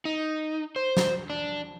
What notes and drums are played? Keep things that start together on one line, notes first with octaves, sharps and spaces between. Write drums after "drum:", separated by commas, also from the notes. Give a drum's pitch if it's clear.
D#4
C5
drum: snare
D4